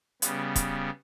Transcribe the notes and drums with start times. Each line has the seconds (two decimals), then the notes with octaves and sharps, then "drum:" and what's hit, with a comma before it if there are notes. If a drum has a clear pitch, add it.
0.22 C#3 G3 B3, drum: hi-hat
0.56 drum: kick, hi-hat